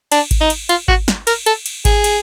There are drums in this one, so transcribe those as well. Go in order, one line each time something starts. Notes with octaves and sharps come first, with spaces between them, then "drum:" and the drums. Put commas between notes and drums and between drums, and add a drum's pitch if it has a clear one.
D4, drum: cymbal
drum: kick G#1, cymbal
D#4
drum: cymbal
F4, drum: cymbal
F#4, drum: kick G#1
drum: snare
A#4, drum: cymbal
A4, drum: cymbal
drum: cymbal
G#4, drum: kick G#1, cymbal
drum: cymbal